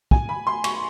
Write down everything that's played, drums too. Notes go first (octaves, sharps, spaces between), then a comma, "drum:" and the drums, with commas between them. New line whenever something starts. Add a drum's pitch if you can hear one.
G#5, drum: kick
B5
C6
C#6, drum: cymbal